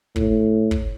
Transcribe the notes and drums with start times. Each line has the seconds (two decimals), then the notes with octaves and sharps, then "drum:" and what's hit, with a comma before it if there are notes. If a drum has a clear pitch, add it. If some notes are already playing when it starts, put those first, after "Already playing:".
0.16 A2, drum: kick
0.71 drum: kick